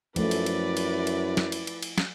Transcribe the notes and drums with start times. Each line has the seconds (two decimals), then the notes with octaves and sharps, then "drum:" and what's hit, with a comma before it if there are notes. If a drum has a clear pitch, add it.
0.16 F#2 F3 A3 E4 B4 D5, drum: cymbal
0.31 drum: cymbal
0.46 drum: cymbal
0.77 drum: cymbal
1.07 drum: cymbal
1.37 drum: snare
1.52 drum: cymbal
1.67 drum: cymbal
1.82 drum: cymbal
1.98 drum: snare